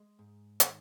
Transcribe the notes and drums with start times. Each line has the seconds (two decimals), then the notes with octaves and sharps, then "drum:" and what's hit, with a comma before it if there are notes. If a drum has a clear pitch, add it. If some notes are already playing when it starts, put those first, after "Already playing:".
Already playing: G#3
0.19 G#2
0.60 D#3, drum: hi-hat